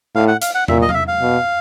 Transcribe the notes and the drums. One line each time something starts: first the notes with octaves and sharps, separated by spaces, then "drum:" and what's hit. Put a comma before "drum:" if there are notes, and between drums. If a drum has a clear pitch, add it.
A2 F5
F#5
F5, drum: hi-hat
F#5
A#2 E5, drum: tom
D#5
F5, drum: tom
E5
F5
B2